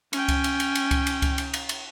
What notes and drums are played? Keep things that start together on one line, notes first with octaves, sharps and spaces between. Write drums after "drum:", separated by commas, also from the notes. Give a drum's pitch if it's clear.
C#4 G5, drum: cymbal
drum: kick C#2, cymbal
drum: cymbal
drum: cymbal
drum: cymbal
drum: kick C#2, cymbal
drum: cymbal
drum: kick C#2, cymbal
drum: cymbal
drum: cymbal
drum: cymbal